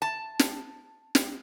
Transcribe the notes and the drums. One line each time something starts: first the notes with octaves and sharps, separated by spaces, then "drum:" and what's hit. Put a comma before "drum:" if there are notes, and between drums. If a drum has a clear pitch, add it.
A5
drum: snare
drum: snare